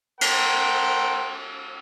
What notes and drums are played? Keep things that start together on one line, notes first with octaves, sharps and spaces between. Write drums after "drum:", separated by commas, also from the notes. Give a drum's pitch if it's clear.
A3 A#4 C5 F#5 G5, drum: cymbal